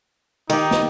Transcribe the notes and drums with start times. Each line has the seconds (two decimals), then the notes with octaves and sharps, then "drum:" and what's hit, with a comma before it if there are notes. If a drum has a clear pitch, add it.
0.49 D#3 D#4 G4, drum: cymbal
0.71 drum: snare